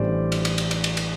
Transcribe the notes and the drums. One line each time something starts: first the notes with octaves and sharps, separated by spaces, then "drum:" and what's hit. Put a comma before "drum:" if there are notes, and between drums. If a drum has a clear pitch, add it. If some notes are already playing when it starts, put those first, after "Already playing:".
Already playing: A1 A2 E3 G3 D4 C5 D5
drum: cymbal
drum: cymbal
drum: cymbal
drum: cymbal
drum: cymbal
drum: cymbal